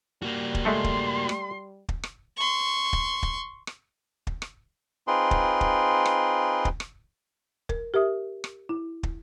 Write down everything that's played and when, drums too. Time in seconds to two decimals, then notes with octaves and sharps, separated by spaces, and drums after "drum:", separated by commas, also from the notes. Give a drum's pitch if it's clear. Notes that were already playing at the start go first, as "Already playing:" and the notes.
0.23 G3 A#3 F#4
0.55 drum: kick
0.65 G#3 A3 A4 C6
0.84 drum: kick
1.29 drum: rim click
1.89 drum: kick
2.03 drum: rim click
2.37 C6 C#6
2.93 drum: kick
3.23 drum: kick
3.67 drum: rim click
4.27 drum: kick
4.42 drum: rim click
5.07 C4 D#4 F4 G#4 B4 C6
5.31 drum: kick
5.61 drum: kick
6.06 drum: rim click
6.65 drum: kick
6.80 drum: rim click
7.69 A#4, drum: kick
7.94 G4 A#4 E5 D#6
8.44 drum: rim click
8.69 E4
9.03 drum: kick